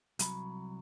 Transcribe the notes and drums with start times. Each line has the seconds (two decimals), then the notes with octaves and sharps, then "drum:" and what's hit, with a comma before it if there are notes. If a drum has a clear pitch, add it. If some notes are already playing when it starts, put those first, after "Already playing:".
0.19 C2 F#3 B5, drum: hi-hat